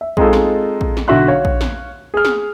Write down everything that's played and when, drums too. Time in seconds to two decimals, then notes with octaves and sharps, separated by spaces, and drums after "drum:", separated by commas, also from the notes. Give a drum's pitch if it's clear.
0.01 E5
0.17 G#3 C4 D#4 F4 A4, drum: kick A#1
0.33 drum: snare
0.81 drum: kick A#1
0.97 drum: snare
1.08 B1 D3 F#4 E5 C6 F#6
1.28 C#5 F5
1.45 drum: kick A#1
1.61 drum: snare
2.14 G#4 F6
2.25 drum: snare